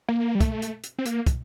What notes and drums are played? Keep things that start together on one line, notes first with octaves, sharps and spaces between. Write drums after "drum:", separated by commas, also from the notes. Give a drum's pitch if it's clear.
A#3
G3
A3, drum: kick, hi-hat
drum: hi-hat
drum: hi-hat
C4
A#3, drum: hi-hat
drum: kick, hi-hat